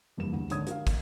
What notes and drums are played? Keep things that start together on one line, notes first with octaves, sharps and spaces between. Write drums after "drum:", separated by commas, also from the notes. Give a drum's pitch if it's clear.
F1 E2 G2 E3 A#3 E7
D2
G#1 D3 C#5 D#6 G#6, drum: hi-hat
F#4 A#4 F5, drum: hi-hat
drum: kick, hi-hat